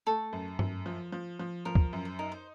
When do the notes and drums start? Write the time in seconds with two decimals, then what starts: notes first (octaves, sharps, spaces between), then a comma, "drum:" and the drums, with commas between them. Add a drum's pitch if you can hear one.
0.07 A3 A4
0.33 F#2
0.59 F#2, drum: tom G2
0.86 F3
1.12 F3
1.39 F3
1.65 F3 A#4
1.75 drum: kick C#2
1.93 F#2
2.05 C5
2.19 D#4 A#4
2.32 C5